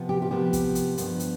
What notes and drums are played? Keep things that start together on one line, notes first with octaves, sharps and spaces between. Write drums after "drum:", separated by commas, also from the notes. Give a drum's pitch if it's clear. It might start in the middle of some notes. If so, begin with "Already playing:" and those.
Already playing: C3 F3 B3
G4
F4
C3 F3 B3 G4
drum: kick, hi-hat
drum: hi-hat
G2 F3 B3, drum: hi-hat
drum: hi-hat